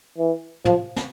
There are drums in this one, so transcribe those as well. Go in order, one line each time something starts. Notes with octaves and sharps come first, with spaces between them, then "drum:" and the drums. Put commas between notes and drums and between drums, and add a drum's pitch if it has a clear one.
E3
F3, drum: tom
drum: snare